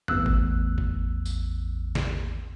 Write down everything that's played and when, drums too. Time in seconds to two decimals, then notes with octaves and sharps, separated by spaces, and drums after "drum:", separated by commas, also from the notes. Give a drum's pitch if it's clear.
0.08 A1 E2 E6 F#6, drum: tom F#2
0.26 drum: kick G#1
0.78 drum: kick G#1
1.25 drum: tambourine
1.95 drum: snare